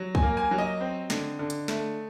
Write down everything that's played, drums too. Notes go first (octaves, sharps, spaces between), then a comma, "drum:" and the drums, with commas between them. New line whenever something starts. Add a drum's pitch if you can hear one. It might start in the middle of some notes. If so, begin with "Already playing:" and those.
Already playing: F#3
G#5, drum: kick
A#3
G#5
F#3
D#5
C4
D3, drum: snare
D3
drum: hi-hat
A3, drum: snare